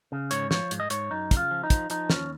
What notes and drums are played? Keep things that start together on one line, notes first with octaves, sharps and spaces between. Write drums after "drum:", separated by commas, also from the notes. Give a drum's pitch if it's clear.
C#3
G#2 C#5, drum: hi-hat
F3 C#5, drum: snare
G#2, drum: hi-hat
D#5
G#2 C#5, drum: hi-hat
F#2 D#4
C#3, drum: kick, hi-hat
F4
F3
D#4
F3, drum: kick, hi-hat
F3 D#4, drum: hi-hat
D#2 C#4, drum: snare